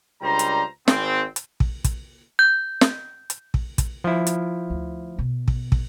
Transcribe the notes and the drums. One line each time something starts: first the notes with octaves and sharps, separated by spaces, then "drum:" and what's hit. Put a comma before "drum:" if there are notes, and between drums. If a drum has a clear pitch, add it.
C#2 G3 D4 C5 A#5
drum: hi-hat
G#1 C4, drum: snare
drum: hi-hat
drum: kick
drum: kick, hi-hat
G6
drum: snare
drum: hi-hat
drum: kick
drum: kick, hi-hat
F3 E4
drum: hi-hat
D2
B2
drum: kick
drum: kick